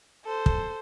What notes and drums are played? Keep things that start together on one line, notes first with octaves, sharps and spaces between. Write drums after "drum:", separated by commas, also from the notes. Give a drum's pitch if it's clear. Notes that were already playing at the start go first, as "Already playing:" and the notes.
A4 C5
drum: kick